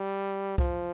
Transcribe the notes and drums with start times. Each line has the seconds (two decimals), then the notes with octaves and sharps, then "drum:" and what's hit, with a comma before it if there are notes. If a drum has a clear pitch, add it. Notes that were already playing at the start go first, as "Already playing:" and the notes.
Already playing: G3
0.58 F3, drum: kick C2